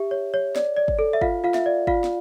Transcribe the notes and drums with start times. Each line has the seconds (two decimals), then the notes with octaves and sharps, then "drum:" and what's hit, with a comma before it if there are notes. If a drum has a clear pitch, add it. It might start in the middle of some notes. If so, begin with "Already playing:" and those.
Already playing: G4 E5
0.11 C#5
0.34 C#5
0.56 D5, drum: snare
0.77 D5
0.88 drum: kick
0.99 A4
1.13 E5
1.21 F4 F5, drum: kick
1.44 F4 F5
1.54 E5, drum: snare
1.66 D5
1.87 F4 F5, drum: kick
2.04 drum: snare